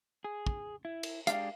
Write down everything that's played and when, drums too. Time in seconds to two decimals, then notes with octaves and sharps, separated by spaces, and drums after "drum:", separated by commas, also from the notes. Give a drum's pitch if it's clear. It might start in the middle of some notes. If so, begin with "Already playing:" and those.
0.24 G#4
0.47 drum: kick
0.85 E4
1.03 drum: cymbal
1.27 G#3 D4 G4 F5, drum: hi-hat